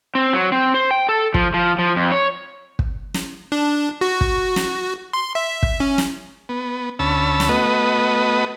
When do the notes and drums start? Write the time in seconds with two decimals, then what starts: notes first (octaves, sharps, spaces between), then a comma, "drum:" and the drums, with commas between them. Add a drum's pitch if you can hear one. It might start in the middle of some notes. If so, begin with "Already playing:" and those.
0.15 C4
0.33 F#3
0.52 C4
0.74 C5
0.91 G5
1.09 A4
1.34 F3, drum: kick
1.54 F3
1.79 F3
1.96 F2
2.12 C#5
2.79 drum: kick
3.14 drum: snare
3.52 D4
4.01 F#4
4.21 drum: kick
4.56 drum: snare
5.13 C6
5.35 E5
5.63 drum: kick
5.80 C#4
5.98 drum: snare
6.49 B3
6.99 D2 C#4 A5 B5 E6
7.40 drum: snare
7.49 A3 B3 F#4 B4 D#5